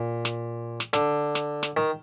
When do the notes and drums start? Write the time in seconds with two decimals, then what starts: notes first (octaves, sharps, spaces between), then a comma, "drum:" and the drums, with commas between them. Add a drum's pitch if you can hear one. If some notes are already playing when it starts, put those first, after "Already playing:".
Already playing: A#2
0.25 drum: snare
0.80 drum: snare
0.93 D3, drum: snare
1.35 drum: snare
1.63 drum: snare
1.77 D#3